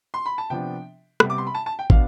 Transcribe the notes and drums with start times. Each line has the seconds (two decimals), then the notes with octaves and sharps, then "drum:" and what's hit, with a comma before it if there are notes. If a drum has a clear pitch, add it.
0.14 C6
0.26 B5
0.38 A5
0.50 C3 F3 B3 D4 G5
1.20 C3 G3 B3, drum: rim click
1.30 D6
1.38 C6
1.47 B5
1.55 A5
1.66 A5
1.79 G5
1.90 B2 B3 D4 F5, drum: kick